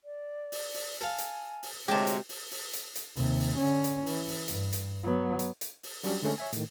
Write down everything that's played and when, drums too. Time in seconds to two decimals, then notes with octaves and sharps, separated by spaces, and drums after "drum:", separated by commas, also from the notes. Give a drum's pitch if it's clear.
0.05 D5
0.52 drum: open hi-hat
0.74 drum: open hi-hat
1.01 A4 F5 G#5
1.18 drum: hi-hat
1.63 drum: open hi-hat
1.88 D2 C3 G#3 G4 C#5 A5
2.07 drum: hi-hat
2.29 drum: open hi-hat
2.51 drum: open hi-hat
2.73 drum: hi-hat
2.95 drum: hi-hat
3.16 D#2 C3, drum: open hi-hat
3.40 drum: open hi-hat
3.57 D3 C#4
3.84 drum: hi-hat
4.06 E3, drum: open hi-hat
4.28 drum: open hi-hat
4.48 G2, drum: hi-hat
4.73 drum: hi-hat
5.04 F#3 B3
5.39 drum: hi-hat
5.61 drum: hi-hat
5.83 drum: open hi-hat
6.03 F#3 G3 C#4 D4, drum: open hi-hat
6.22 D3 G#3 A3 C#4
6.38 C#5 E5 G#5
6.53 A2 D#3, drum: hi-hat